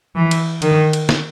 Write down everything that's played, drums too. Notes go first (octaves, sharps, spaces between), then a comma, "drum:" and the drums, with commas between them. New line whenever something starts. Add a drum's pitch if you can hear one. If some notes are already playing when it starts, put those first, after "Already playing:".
E3
drum: cymbal
D#3, drum: cymbal
drum: cymbal
drum: snare